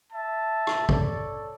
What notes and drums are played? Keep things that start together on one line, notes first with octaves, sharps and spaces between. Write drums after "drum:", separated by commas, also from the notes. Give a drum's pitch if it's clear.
E5 A5
drum: rim click
A4 C#5 D5, drum: kick A1